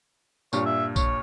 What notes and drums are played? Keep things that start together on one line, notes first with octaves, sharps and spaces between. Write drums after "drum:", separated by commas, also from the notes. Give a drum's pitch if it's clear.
G2 A#2 C#5, drum: tambourine
E5
C#5, drum: kick A#1, tambourine